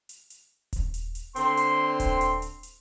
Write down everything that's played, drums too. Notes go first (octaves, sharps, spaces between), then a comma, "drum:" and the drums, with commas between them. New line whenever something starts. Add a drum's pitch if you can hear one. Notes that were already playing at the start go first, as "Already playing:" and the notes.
drum: hi-hat
drum: hi-hat
drum: kick D#1, hi-hat
drum: hi-hat
drum: hi-hat
D3 C4 C6, drum: hi-hat
drum: hi-hat
drum: kick D#1, hi-hat
drum: hi-hat
drum: hi-hat
drum: hi-hat